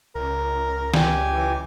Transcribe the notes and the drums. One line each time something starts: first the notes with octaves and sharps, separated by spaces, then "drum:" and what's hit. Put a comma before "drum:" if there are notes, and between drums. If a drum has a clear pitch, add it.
C#2 A#4
G4 G#5, drum: snare
E3